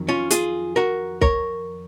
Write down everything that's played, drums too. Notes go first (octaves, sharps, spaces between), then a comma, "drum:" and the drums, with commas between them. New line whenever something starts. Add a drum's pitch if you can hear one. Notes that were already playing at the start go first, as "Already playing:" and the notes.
Already playing: F2 D#3 F#3
C#4 F4
F4 G#4, drum: hi-hat
F#4 A#4
A#4 C#5, drum: kick